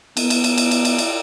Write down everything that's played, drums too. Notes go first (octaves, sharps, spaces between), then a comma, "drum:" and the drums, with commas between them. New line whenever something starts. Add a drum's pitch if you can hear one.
B3, drum: cymbal
drum: cymbal
drum: cymbal
drum: cymbal
drum: cymbal
drum: cymbal
drum: cymbal